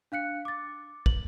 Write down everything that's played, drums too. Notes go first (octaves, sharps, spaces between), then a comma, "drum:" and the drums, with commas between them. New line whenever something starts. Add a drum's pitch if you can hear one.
D4 F5 F#6 C#7
D6 A6
F#7, drum: kick